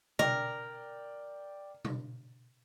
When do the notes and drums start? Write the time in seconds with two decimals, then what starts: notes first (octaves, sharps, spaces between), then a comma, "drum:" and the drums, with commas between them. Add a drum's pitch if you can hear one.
0.19 A#4 D5 G5, drum: tom B2
1.85 drum: tom B2